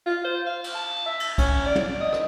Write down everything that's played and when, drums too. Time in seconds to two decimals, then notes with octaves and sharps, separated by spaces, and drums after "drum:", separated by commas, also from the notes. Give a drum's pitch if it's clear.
0.06 F4
0.24 C5
0.46 F5
0.64 drum: cymbal
0.74 A5
1.06 E5
1.20 drum: cymbal
1.38 C#4, drum: kick, cymbal
1.65 D5
1.75 drum: tom
2.00 D#5
2.13 drum: rim click